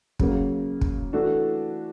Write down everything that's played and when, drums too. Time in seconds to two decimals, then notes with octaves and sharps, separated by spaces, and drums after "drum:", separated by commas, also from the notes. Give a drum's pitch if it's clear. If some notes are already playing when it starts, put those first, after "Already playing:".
0.19 C#3 F#3 A#3, drum: kick
0.81 drum: kick
1.13 E3 A3 D4 F#4 A4